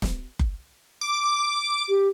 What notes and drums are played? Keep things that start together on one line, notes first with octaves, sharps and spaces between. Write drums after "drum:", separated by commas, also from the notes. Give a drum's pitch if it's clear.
drum: snare
drum: kick F#1
D6
G4